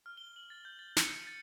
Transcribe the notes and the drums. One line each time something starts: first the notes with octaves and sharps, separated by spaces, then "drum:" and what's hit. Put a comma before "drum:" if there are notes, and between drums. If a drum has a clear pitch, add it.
F6
G7
F#7
A6
G6
A6
C#7, drum: snare
D#7
A6